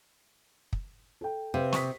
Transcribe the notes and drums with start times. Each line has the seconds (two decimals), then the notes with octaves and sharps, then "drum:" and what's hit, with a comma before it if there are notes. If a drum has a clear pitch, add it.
0.73 drum: kick
1.21 A4 G5
1.54 C3 B4 F5
1.73 C#6 D#6 B6, drum: snare